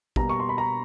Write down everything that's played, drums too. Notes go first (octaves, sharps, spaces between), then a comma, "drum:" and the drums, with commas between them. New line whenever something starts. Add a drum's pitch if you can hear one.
B2 G3 A#3 A#5, drum: kick
C#6
C6
B5
A#5